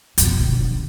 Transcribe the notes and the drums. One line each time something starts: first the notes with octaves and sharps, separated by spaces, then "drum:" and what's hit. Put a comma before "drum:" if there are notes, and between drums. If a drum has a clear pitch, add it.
F2 B2, drum: hi-hat
C#3
D3